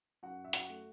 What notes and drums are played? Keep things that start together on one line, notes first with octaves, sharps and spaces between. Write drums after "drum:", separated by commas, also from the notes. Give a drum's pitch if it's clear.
F#2 F#4 F#5
E5
F#4 F#5, drum: hi-hat
A3